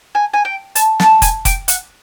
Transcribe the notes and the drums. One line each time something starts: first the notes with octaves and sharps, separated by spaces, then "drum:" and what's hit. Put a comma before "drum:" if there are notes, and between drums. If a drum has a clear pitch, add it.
G#5
G#5
G5
A5, drum: hi-hat
A5, drum: snare
G#5, drum: kick F1, hi-hat
G5, drum: kick F1, hi-hat
F#5, drum: hi-hat